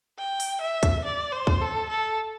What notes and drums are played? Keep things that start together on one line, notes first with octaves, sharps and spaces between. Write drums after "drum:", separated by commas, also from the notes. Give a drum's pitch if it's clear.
G5
drum: open hi-hat
E5
drum: kick, hi-hat
D5
C5
drum: kick
A4
A4